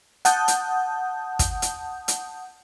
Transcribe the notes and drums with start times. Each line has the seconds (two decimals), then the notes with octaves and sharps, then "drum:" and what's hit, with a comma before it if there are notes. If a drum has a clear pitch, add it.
0.25 F#5 A5 D#6 G6, drum: hi-hat
0.48 drum: hi-hat
1.39 drum: kick, hi-hat
1.62 drum: hi-hat
2.08 drum: hi-hat